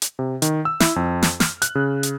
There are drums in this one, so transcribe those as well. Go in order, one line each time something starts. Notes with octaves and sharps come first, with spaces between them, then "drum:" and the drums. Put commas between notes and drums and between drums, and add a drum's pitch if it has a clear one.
drum: hi-hat
C3
D#3, drum: hi-hat
E6
E4, drum: snare
F2
drum: snare
F6, drum: snare
F#6, drum: hi-hat
C#3
drum: hi-hat